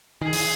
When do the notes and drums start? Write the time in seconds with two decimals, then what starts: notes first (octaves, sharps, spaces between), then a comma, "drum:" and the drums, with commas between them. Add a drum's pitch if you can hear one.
0.21 D#3 G#4
0.33 E3, drum: open hi-hat